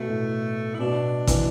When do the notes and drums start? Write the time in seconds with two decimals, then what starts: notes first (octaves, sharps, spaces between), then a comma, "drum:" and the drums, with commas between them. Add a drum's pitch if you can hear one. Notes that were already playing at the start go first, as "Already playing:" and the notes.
Already playing: B2 A3
0.08 A2
0.75 E4
0.79 B2 D4
1.27 E3, drum: kick A1, hi-hat